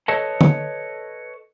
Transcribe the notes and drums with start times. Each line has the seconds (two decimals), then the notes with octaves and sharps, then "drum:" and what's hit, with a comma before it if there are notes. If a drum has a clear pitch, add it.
0.08 A4 B4 C#5 D#5 A5
0.41 drum: tom D3